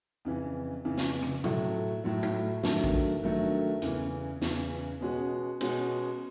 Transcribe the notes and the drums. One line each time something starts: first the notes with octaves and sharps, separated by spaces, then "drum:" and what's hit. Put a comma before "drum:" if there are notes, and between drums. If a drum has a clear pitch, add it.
F2 C#3 E3
F2 C#3 E3
drum: snare
drum: tom
A2 F#3 A3, drum: tom B2
A2 F#3 A3
drum: tom G#3
G2 D#3 F#3 A3, drum: snare
drum: kick A1
G2 D#3 F#3 A3
E2 C#3 E3, drum: hi-hat
E2 C#3 E3, drum: snare
B2 G#3 C#4 F#4
B2 G#3 C#4 F#4, drum: cymbal